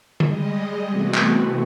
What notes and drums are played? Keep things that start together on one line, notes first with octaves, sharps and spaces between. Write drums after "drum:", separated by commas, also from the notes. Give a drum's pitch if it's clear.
G3 G#3 D#5, drum: tom D3
C3 E3 A3 B3 C4 F#4
drum: clap